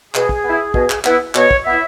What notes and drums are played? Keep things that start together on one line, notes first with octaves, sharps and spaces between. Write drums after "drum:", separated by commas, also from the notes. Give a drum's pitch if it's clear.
B2 G#4, drum: clap
drum: kick
B3 E4
B2, drum: kick
drum: clap
B3 E4, drum: clap
B2 C#5, drum: clap
drum: kick
B3 E4 E5